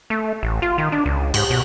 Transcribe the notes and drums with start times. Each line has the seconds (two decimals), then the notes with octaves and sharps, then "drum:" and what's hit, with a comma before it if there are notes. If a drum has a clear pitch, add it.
0.10 A3
0.43 A1
0.62 F4
0.78 D#3
0.92 D4
1.06 C#2
1.34 G#2, drum: cymbal
1.50 B2